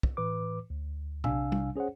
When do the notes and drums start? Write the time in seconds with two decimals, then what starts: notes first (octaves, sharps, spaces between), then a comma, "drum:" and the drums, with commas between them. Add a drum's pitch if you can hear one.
0.03 drum: kick
0.17 A2 E3 B4 D6
0.70 D2
1.24 B1 C3 D4 F5 G#5 E6, drum: tom A#2
1.52 drum: tom
1.76 C#4 G#4 C5 C#5 F#5